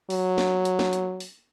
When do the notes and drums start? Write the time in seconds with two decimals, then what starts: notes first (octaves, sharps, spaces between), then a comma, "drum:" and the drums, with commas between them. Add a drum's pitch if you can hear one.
0.10 F#3, drum: open hi-hat
0.38 drum: snare
0.65 drum: hi-hat
0.79 drum: snare
0.93 drum: hi-hat
1.20 drum: open hi-hat